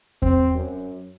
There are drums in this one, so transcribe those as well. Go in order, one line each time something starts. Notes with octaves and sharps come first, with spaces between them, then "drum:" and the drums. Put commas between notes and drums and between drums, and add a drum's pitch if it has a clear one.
C4, drum: kick E2
F#2